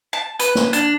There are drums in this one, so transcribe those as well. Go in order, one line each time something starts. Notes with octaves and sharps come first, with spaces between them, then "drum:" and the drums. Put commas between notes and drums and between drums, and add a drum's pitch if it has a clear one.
A5
B4, drum: hi-hat
drum: snare
D4, drum: hi-hat